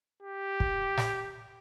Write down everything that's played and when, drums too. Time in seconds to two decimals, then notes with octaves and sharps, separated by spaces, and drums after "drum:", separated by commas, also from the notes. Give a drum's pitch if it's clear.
0.22 G4
0.60 drum: kick
0.98 drum: snare